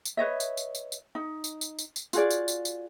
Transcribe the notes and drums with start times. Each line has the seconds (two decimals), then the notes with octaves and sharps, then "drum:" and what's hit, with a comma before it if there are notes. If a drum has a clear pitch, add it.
0.05 drum: tambourine
0.17 B4 C#5 D#5 E5
0.40 drum: tambourine
0.57 drum: tambourine
0.75 drum: tambourine
0.92 drum: tambourine
1.15 D#4
1.44 drum: tambourine
1.61 drum: tambourine
1.79 drum: tambourine
1.96 drum: tambourine
2.13 F4 F#4 G#4 D5, drum: tambourine
2.31 drum: tambourine
2.48 drum: tambourine
2.65 drum: tambourine